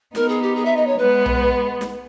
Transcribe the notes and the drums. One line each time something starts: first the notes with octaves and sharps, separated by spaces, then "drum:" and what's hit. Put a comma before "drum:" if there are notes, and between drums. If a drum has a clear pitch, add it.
B3 D#4 A#4, drum: snare
G#4
G4
G#4
E5
D#5
C#5
G#3 B3 B4
drum: tom B1
drum: snare